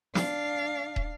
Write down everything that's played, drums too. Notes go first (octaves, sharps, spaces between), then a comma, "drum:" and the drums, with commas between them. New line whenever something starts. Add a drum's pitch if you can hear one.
D4 F5, drum: snare
drum: kick